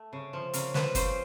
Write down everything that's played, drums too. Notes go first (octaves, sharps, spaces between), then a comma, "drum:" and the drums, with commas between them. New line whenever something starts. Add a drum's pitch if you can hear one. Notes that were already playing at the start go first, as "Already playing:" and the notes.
Already playing: A3
C#3
F3
C#3 A#4, drum: hi-hat
F3 B4, drum: snare
C#3 C5, drum: kick, hi-hat